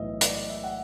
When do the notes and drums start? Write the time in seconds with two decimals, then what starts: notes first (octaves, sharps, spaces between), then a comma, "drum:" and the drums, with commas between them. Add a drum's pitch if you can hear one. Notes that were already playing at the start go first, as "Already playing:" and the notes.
Already playing: B1 A2 E3 D#5 E5
0.21 D5, drum: hi-hat
0.35 D#5
0.50 E5
0.64 F#5